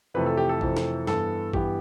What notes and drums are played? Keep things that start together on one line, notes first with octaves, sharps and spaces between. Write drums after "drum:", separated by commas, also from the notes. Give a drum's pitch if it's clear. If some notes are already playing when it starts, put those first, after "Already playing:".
F2 C3 E3 A3 B4
A4
G4
A4
F2 C3 E3 A3, drum: kick A1
drum: snare
G2 E3 B3 A4, drum: snare
G2 E3 B3 G4, drum: kick A1